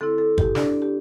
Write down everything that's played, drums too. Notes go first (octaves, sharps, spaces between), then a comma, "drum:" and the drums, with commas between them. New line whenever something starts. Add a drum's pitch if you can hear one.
D3 C4 E4 A4
A4
G4, drum: kick G1
D4 D5, drum: snare
G4